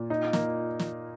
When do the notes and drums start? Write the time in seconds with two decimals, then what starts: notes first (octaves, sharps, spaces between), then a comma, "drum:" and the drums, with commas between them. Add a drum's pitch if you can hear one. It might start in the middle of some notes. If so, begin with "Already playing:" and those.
Already playing: A#2
0.10 D#4
0.33 A#3, drum: snare
0.79 drum: snare